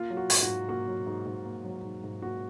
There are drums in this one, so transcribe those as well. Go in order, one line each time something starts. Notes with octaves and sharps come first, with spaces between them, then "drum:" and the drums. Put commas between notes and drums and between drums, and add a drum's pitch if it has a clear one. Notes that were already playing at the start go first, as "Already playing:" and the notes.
Already playing: A#3 F4
F#3
F#4
G#2, drum: open hi-hat
F#4
G#2
A#3 F#4
F#3
G#2
G#2
A#3
F#3
G#2
G#2
A#3 F#4